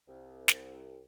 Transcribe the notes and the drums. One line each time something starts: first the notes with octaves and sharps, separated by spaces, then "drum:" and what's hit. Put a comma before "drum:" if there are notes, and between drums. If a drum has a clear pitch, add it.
C2
drum: snare